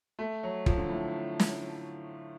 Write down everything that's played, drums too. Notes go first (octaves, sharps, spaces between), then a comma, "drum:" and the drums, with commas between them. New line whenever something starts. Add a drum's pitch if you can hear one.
A3
F#3
F3, drum: kick
D3
A2
drum: snare